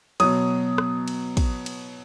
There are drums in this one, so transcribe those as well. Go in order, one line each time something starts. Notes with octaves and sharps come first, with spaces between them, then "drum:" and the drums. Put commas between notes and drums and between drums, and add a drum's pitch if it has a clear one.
B2 F#3 D#6, drum: cymbal
drum: rim click
drum: cymbal
drum: kick, cymbal
drum: cymbal